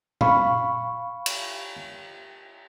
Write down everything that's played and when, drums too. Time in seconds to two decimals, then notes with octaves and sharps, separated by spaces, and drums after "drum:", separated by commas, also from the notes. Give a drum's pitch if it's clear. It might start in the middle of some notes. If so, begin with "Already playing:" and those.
0.21 F5 B5 C#6, drum: tom A#2
1.26 drum: cymbal